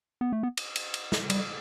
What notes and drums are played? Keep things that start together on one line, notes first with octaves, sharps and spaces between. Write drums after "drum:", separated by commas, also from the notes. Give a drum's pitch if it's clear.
B3
A3
B3
drum: cymbal
drum: cymbal
drum: cymbal
drum: snare
G3, drum: cymbal